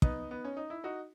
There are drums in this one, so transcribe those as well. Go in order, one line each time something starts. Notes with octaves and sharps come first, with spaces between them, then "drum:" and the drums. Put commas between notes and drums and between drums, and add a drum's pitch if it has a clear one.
B3 D#4, drum: kick
B3
C#4
D#4
E4
D#4 F#4